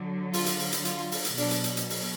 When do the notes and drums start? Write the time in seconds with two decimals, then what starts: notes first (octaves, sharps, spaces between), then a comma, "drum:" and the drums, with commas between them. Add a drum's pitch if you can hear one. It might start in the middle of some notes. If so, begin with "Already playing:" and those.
Already playing: D3 F#3
0.33 F4, drum: open hi-hat
0.46 drum: hi-hat
0.59 drum: open hi-hat
0.72 drum: hi-hat
0.85 F4, drum: hi-hat
1.12 drum: open hi-hat
1.25 drum: hi-hat
1.37 B2 F#3 D4, drum: open hi-hat
1.51 drum: hi-hat
1.64 drum: hi-hat
1.77 drum: hi-hat
1.90 drum: open hi-hat